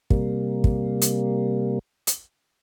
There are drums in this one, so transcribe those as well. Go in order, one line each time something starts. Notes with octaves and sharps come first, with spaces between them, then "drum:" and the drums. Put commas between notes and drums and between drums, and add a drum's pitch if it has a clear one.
C3 G3 A#3, drum: kick
drum: kick
drum: hi-hat
drum: hi-hat